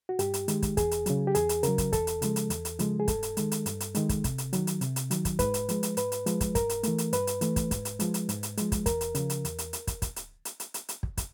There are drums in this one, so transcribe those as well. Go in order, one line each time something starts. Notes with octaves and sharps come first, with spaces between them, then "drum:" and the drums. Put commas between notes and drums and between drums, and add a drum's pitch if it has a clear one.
F#4
G2 G4, drum: hi-hat
drum: hi-hat
D#3 G#3, drum: hi-hat
drum: kick, hi-hat
E2 G#4, drum: kick, hi-hat
drum: hi-hat
C#3 F#3, drum: hi-hat
G4
E2 G#4, drum: hi-hat
drum: hi-hat
C#3 F#3 A#4, drum: hi-hat
drum: kick, hi-hat
E2 A4, drum: kick, hi-hat
drum: hi-hat
C#3 F3 G#3, drum: hi-hat
drum: hi-hat
E2, drum: hi-hat
drum: hi-hat
C#3 F3 G#3, drum: hi-hat
G#4
G2 A4, drum: kick, hi-hat
drum: hi-hat
D#3 G#3, drum: hi-hat
drum: hi-hat
G2, drum: hi-hat
drum: hi-hat
D#3 G#3, drum: hi-hat
drum: kick, hi-hat
C3, drum: kick, hi-hat
drum: hi-hat
D#3 F#3, drum: hi-hat
drum: hi-hat
C3, drum: hi-hat
drum: hi-hat
D#3 F#3, drum: hi-hat
drum: kick, hi-hat
G#2 B4, drum: kick, hi-hat
drum: hi-hat
F3 G#3, drum: hi-hat
drum: hi-hat
G#2 B4, drum: hi-hat
drum: hi-hat
F3 G#3, drum: hi-hat
drum: kick, hi-hat
G2 A#4, drum: kick, hi-hat
drum: hi-hat
E3 A3, drum: hi-hat
drum: hi-hat
G2 B4, drum: hi-hat
drum: hi-hat
E3 A3, drum: hi-hat
drum: kick, hi-hat
G#2, drum: kick, hi-hat
drum: hi-hat
F3 G#3, drum: hi-hat
drum: hi-hat
G#2, drum: hi-hat
drum: hi-hat
F3 G#3, drum: hi-hat
drum: kick, hi-hat
E2 A#4, drum: kick, hi-hat
drum: hi-hat
C#3 F3, drum: hi-hat
drum: hi-hat
E2, drum: hi-hat
drum: hi-hat
drum: hi-hat
drum: kick, hi-hat
drum: kick, hi-hat
drum: hi-hat
drum: hi-hat
drum: hi-hat
drum: hi-hat
drum: hi-hat
drum: kick
drum: kick, hi-hat